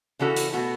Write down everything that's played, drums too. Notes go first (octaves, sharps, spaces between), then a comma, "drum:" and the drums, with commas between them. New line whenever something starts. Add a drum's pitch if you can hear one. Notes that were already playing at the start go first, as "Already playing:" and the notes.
C#3 E3 C#4 F#4 A4
drum: hi-hat
B2 A3 F#4